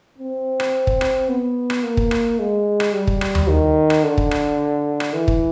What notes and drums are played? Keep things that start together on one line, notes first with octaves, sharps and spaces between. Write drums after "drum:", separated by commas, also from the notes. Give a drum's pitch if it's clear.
C4
drum: rim click
drum: kick
drum: rim click
B3
drum: rim click
A#3
drum: kick
drum: rim click
G#3
drum: rim click
G3
drum: kick
drum: rim click
drum: tom D#2
D#3
drum: rim click
D3
drum: kick
drum: rim click
drum: rim click
E3
drum: kick